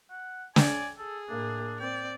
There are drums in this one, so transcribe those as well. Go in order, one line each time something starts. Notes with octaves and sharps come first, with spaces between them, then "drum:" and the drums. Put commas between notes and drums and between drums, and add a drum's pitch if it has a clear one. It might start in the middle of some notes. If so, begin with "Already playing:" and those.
F#5
D5 G#5, drum: snare
G#4 A4
A2 A#3 D4
C4 D5 G5